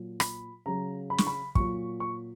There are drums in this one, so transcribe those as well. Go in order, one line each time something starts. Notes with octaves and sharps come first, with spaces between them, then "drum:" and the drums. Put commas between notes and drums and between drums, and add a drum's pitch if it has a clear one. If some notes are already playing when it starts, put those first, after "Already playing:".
Already playing: A#2 F#3
B5, drum: rim click
C#3 F#3 A#5
B5
C#6, drum: snare
B5
A#2 F#3 C#6, drum: kick
C#6